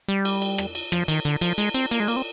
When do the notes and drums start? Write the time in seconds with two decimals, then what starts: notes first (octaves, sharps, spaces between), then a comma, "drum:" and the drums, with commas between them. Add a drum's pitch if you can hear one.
0.08 G3
0.25 drum: cymbal
0.42 drum: cymbal
0.58 drum: rim click
0.75 drum: cymbal
0.92 F3, drum: rim click
1.08 D#3, drum: cymbal
1.25 D3
1.41 F3, drum: cymbal
1.58 G#3, drum: cymbal
1.74 C4, drum: cymbal
1.91 A#3, drum: cymbal
2.00 G#3
2.08 A#3, drum: cymbal
2.16 C4